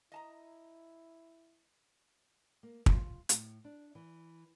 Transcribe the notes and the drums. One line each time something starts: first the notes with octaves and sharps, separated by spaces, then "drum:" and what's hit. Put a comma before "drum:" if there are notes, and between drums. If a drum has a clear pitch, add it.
E4 D#5 A5 A#5
A#3
F4, drum: kick
A2, drum: hi-hat
D4
E3